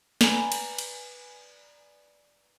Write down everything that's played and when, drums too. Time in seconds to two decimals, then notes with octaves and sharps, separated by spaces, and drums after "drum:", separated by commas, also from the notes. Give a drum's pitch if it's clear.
0.21 B4 D5 G#5 A#5 B5, drum: snare
0.52 drum: cymbal
0.78 drum: cymbal